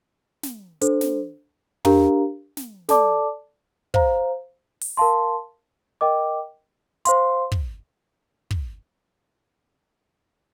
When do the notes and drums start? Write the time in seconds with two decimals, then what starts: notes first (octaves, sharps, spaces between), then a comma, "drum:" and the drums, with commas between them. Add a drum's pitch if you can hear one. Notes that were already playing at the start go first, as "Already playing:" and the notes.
0.43 drum: snare
0.81 D4 A4 C5, drum: hi-hat
1.01 drum: snare
1.85 D4 G4 A#4 F5 A#5, drum: tom
2.57 drum: snare
2.89 A4 D5 A5 D6, drum: snare
3.94 C5 F5 A#5, drum: kick
4.81 drum: open hi-hat
4.97 A#4 F5 A5 C6
6.01 A#4 D#5 G5 D6
7.05 C5 F5 C6, drum: hi-hat
7.52 drum: kick
8.51 drum: kick